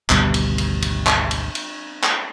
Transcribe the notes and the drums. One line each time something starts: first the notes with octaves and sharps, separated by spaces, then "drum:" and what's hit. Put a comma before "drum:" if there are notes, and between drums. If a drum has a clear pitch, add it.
G#1 D2 B2 G3, drum: clap
drum: cymbal
drum: cymbal
drum: cymbal
drum: clap
drum: cymbal
drum: cymbal
drum: clap